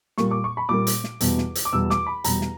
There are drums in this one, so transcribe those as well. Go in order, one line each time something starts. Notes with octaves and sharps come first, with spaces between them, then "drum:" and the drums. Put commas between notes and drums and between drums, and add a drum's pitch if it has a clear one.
A#2 G3 A#3 C#6, drum: snare
D6
C#6
B5
A#2 G3 A#3 D6
drum: hi-hat
drum: snare
E2 B2 G3, drum: hi-hat
drum: snare
drum: hi-hat
D6
E2 B2 G3 E6
D6, drum: snare
B5
E2 B2 G3 A#5, drum: hi-hat
drum: snare